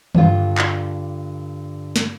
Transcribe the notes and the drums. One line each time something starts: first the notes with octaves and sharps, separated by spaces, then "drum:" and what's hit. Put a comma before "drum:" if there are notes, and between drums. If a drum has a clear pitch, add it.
G2 D3 F4, drum: tom D#3
drum: clap
drum: snare